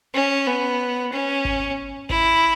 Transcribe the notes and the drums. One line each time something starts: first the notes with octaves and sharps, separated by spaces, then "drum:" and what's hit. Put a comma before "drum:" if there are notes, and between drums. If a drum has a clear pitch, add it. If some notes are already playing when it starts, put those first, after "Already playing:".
C#4
B3
C#4
drum: kick G#1
E4, drum: kick G#1